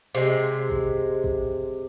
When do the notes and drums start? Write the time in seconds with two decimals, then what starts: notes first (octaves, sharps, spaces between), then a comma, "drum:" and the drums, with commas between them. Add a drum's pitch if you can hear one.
0.15 C3 G#3
0.70 drum: kick
1.24 drum: kick